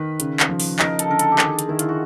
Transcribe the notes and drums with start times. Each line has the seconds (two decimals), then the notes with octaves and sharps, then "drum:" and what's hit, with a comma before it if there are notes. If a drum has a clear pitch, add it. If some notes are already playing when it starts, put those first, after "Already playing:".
Already playing: D#3 B4
0.20 C#3, drum: hi-hat
0.40 drum: clap
0.49 F3
0.60 drum: open hi-hat
0.79 D#4 A#4, drum: clap
0.99 A4, drum: hi-hat
1.09 D3 A#4
1.19 A4, drum: hi-hat
1.32 G4
1.39 D#3 G#4, drum: clap
1.59 drum: hi-hat
1.69 D#3 E4
1.79 F4, drum: hi-hat
1.89 F#4